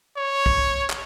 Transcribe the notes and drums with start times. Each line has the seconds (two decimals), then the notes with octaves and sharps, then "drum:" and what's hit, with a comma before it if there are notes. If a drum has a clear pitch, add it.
0.17 C#5
0.46 drum: kick
0.90 drum: clap